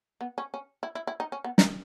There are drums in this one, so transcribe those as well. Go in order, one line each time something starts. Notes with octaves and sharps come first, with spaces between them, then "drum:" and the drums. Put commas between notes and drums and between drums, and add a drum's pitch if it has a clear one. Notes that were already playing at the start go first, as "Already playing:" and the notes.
B3
C#4
C#4
E4
E4
E4
D#4
C#4
B3
D#4, drum: snare